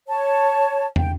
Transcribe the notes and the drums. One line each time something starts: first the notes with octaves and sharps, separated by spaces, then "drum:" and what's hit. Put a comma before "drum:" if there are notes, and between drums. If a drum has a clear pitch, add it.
C#5 A5
G5, drum: tom